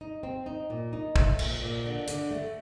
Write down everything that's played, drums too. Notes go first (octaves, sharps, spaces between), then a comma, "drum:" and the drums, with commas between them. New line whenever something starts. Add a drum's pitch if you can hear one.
D#4
C4
D#4
A#2
D#4
A3, drum: kick
A#2, drum: cymbal
A#2
D3
D3, drum: hi-hat
A3